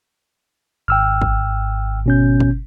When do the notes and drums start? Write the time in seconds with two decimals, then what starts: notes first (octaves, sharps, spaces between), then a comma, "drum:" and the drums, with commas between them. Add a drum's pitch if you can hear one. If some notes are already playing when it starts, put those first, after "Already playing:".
0.88 G#1 G5 E6 F6
1.21 drum: kick
2.06 B2 C#4 G6
2.40 drum: kick